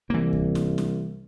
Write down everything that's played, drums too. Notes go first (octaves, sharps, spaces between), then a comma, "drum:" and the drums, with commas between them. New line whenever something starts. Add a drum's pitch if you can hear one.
C2 E3 A#3
drum: kick D2
drum: snare
drum: snare